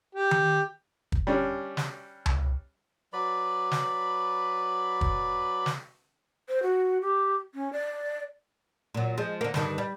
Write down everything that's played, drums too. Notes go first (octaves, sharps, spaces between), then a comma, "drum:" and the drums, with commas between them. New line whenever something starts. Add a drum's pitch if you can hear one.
G4
drum: tom D#3
drum: kick
G3 C#4 D4
drum: snare
drum: tom C#2
F#3 B4 D5 B5
drum: snare
drum: kick
drum: snare
C5
F#4
G4
C#4
D5
A#2 F#3
F3 G#3
D3 A#3
G2 D3 D#3, drum: snare
G3